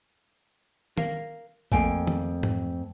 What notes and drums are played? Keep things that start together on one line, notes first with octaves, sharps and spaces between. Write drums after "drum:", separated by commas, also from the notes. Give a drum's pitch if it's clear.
A#4 F5, drum: tom
F2 A3 A#3 G5 G#5, drum: kick
drum: tom
drum: tom G#2